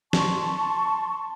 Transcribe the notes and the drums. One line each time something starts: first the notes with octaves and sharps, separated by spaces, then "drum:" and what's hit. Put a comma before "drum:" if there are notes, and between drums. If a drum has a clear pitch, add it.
A5 C6 C#6, drum: snare